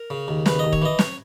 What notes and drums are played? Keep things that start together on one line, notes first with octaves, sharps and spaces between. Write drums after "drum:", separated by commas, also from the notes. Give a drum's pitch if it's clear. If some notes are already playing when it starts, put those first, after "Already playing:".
Already playing: A#4
C#3
D#2
C#3 B4, drum: snare
D#2 D#5
C#5, drum: kick
E3 D#5
C#5, drum: snare